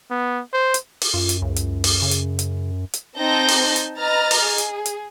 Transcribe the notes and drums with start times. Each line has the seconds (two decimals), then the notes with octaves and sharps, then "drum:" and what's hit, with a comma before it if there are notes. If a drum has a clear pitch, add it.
0.10 B3
0.53 C5
0.74 drum: hi-hat
1.01 drum: open hi-hat
1.14 F#2 F4
1.29 drum: hi-hat
1.42 C#2
1.56 drum: hi-hat
1.84 drum: open hi-hat
2.02 C#3
2.11 drum: hi-hat
2.39 drum: hi-hat
2.94 drum: hi-hat
3.18 C4 D#4 A5 G6 A#6
3.48 drum: open hi-hat
3.76 drum: hi-hat
4.00 B4 D#5 A#5 F6 A6
4.31 drum: open hi-hat
4.44 G#4
4.58 drum: hi-hat
4.86 drum: hi-hat